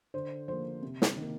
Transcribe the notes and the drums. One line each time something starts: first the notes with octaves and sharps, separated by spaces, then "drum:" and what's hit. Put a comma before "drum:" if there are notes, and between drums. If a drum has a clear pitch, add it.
D3 C5
F3 A#3 C5
C3
drum: snare
D#3 A#3